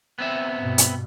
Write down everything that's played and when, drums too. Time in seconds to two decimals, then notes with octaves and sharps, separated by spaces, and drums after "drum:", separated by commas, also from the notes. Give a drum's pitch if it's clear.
0.19 B3 C4 E5
0.58 G2 B2
0.78 drum: hi-hat